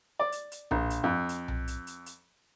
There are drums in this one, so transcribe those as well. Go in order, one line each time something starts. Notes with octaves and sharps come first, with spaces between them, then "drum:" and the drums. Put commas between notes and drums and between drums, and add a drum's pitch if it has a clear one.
D5
drum: hi-hat
drum: hi-hat
A#1, drum: tom B1
drum: hi-hat
F2
drum: hi-hat
drum: tom B1
drum: hi-hat
drum: hi-hat
drum: hi-hat